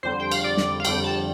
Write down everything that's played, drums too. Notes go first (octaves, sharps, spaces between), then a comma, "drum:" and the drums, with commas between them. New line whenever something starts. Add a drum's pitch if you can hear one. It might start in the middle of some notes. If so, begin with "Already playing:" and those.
F2 D3 G3 C5
G5
F5, drum: cymbal
D5
drum: snare
F5
F2 D3 G3 G5, drum: cymbal
A5